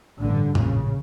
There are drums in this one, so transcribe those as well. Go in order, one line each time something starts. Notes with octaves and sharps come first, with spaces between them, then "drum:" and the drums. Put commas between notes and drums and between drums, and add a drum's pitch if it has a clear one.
A1 G2 D3
A#1 A#2 C#3, drum: tom F2